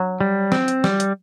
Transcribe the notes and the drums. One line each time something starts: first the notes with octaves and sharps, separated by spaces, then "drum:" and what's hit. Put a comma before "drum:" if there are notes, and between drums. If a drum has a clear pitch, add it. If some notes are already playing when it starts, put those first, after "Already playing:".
Already playing: F#3
G3
C4, drum: snare
drum: hi-hat
G3, drum: snare
drum: hi-hat